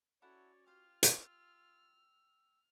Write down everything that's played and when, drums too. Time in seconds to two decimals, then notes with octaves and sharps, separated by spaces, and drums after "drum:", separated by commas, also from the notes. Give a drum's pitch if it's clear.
0.22 C#4 E4 F#4 A4 C#5 D5 F#5
0.67 F4 G4 C5 F5 F6
1.03 E6, drum: hi-hat